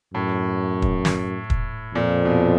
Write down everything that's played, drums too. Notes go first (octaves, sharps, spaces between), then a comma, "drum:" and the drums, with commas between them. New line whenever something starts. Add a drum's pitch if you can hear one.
F#2 A2
drum: kick
drum: snare
drum: kick
F2 A#2
B2